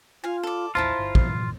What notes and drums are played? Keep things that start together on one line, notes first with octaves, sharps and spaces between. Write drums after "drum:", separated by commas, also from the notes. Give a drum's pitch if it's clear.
F4 F5 G#5
A4 D5
A1 D#2 E4 F4 C5 A5 A#5
G1
A#2 E3, drum: kick